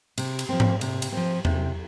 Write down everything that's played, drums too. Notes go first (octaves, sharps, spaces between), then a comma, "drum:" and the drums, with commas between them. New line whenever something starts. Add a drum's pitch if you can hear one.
C3, drum: cymbal
drum: cymbal
F3 C4
drum: tom G#2
C3, drum: cymbal
drum: cymbal
F3 C4
C3, drum: tom E2